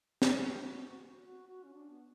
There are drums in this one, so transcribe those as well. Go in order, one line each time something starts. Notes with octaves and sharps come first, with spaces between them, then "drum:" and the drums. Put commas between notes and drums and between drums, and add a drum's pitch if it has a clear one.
F#4, drum: snare
F#4
F#4
C#4
D4
B3